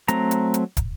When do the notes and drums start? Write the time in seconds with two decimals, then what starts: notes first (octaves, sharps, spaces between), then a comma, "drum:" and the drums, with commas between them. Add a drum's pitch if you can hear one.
0.08 F#3 A3 C4 A#5, drum: hi-hat
0.31 drum: hi-hat
0.54 drum: hi-hat
0.77 drum: kick, hi-hat